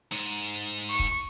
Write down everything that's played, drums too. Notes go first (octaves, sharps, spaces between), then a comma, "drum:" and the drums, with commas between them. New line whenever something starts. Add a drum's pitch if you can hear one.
G#2, drum: hi-hat
C#6
drum: kick